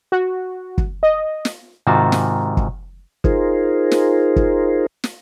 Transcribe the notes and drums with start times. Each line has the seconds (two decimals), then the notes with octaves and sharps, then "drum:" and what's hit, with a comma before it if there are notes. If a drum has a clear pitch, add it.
0.12 F#4
0.78 drum: kick
1.03 D#5
1.45 drum: snare
1.87 G#2 C3 D#3 F4 F#4 A5
2.12 drum: snare
2.57 drum: kick
3.24 D#4 F4 G#4 A#4 C5, drum: kick
3.91 drum: snare
4.36 drum: kick
5.04 drum: snare